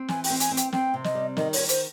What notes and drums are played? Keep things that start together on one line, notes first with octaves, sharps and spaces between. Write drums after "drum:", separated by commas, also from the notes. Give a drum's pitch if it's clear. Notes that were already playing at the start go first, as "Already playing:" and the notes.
Already playing: C4
E3 G#5, drum: snare
G5, drum: open hi-hat
C4
G#5, drum: hi-hat
C4
G5, drum: hi-hat
C4 G5, drum: snare
C3
D#5, drum: snare
G3
D#3 D#5, drum: snare
D#3 C#5, drum: open hi-hat
C5, drum: hi-hat